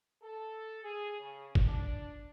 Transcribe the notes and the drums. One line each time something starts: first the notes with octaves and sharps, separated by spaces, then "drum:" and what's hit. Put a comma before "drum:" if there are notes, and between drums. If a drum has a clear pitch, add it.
A4
G#4
C#3
drum: kick
D4